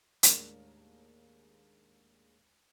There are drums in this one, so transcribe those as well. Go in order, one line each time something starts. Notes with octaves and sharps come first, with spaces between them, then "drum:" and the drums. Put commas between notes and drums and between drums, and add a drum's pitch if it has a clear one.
D#2 A2 G#3 D4 A#4, drum: hi-hat